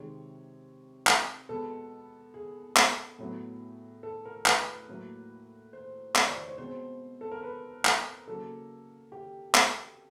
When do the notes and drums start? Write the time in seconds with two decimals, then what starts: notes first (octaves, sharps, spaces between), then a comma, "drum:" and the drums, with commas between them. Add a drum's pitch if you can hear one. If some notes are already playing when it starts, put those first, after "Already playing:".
Already playing: C3 D#3 G#3 C#5
1.07 drum: clap
1.49 B2 G#3 B3 A4
2.34 G#4
2.77 drum: clap
3.18 A2 F#3 B3
4.03 A4
4.25 A#4
4.46 B4, drum: clap
4.88 A2 F#3 A#3
5.73 C5
6.16 D5, drum: clap
6.26 C#5
6.37 C5
6.47 C#5
6.58 B2 G#3 C4 C5
7.21 A4
7.32 A#4
7.43 B4
7.85 drum: clap
8.27 C#3 F#3 A#3 A4
9.12 G4
9.55 drum: clap